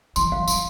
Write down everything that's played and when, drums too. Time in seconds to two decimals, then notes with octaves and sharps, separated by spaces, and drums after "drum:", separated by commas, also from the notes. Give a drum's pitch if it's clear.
0.16 E3 C6, drum: tambourine
0.32 E3 F5
0.48 E3 C6, drum: tambourine